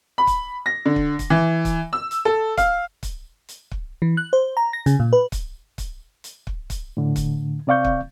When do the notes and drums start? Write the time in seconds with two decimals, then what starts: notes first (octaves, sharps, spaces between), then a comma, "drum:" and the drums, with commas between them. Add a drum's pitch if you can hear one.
0.18 B5
0.27 drum: kick, hi-hat
0.66 A#6
0.86 D3
0.96 drum: kick
1.19 drum: kick, hi-hat
1.30 E3
1.65 drum: kick, hi-hat
1.93 E6
2.11 drum: hi-hat
2.25 A4
2.57 F5, drum: kick, hi-hat
3.03 drum: kick, hi-hat
3.49 drum: hi-hat
3.71 drum: kick
4.02 E3
4.17 F#6
4.33 C5
4.57 A#5
4.73 A#6
4.86 C#3, drum: hi-hat
5.00 A#2
5.13 B4
5.32 drum: kick, hi-hat
5.78 drum: kick, hi-hat
6.24 drum: hi-hat
6.47 drum: kick
6.70 drum: kick, hi-hat
6.97 A2 D3
7.16 drum: kick, hi-hat
7.67 C3 C4 D5 F5 C#6 G6
7.85 drum: kick